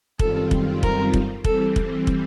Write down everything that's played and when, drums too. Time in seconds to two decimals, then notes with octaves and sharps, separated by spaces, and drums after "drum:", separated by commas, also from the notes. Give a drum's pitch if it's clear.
0.19 F#2 D#3 G3 C4 F4 A4, drum: kick
0.51 drum: kick
0.83 A#4, drum: kick
1.14 drum: kick
1.44 E3 G3 C4 A4, drum: kick
1.76 drum: kick
2.07 drum: kick